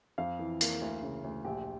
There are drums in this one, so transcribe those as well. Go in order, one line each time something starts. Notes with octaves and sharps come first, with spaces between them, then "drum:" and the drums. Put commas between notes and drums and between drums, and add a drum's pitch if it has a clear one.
F2 F5
E3
A#3, drum: hi-hat
D2
C#3
D2
A#1 G4